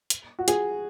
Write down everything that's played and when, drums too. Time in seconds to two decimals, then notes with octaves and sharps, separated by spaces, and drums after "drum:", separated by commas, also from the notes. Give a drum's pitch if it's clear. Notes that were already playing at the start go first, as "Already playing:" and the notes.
0.10 drum: hi-hat
0.39 F#4
0.48 G#4, drum: hi-hat